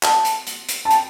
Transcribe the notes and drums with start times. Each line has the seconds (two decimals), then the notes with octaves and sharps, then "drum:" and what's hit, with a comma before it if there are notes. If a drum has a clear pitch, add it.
0.03 A5, drum: clap
0.25 drum: hi-hat
0.47 drum: hi-hat
0.69 drum: hi-hat
0.85 A5
0.91 G5, drum: hi-hat